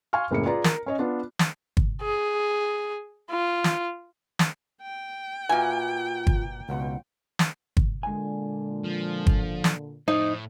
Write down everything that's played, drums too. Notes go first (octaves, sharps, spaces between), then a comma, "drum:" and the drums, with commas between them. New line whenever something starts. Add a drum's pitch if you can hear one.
F5 G#5 C6 C#6 F6
F#1 A2 G#3 A#3 C#4 C#7
F4 G#4 B4 D5 A#5
A#4, drum: snare
C#4 C#5 D#5
B3 D4 F4
drum: snare
drum: kick G1
G#4
F4
drum: snare
drum: snare
G5
A#2 F4 F#4 B4 E5 G#5
drum: kick G1
C#2 B2 F#5
drum: snare
drum: kick G1
A#2 D3 G#3 G#5
F3
drum: kick G1
drum: snare
F2 A2 D#4 C5